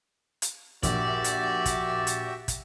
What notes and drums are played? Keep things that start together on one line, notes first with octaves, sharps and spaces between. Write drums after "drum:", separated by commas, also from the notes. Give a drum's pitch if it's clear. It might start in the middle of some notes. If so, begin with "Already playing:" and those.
drum: hi-hat
A#1 F#4 G4 D5 E5, drum: kick, hi-hat
drum: hi-hat
drum: kick, hi-hat
drum: hi-hat
drum: kick, hi-hat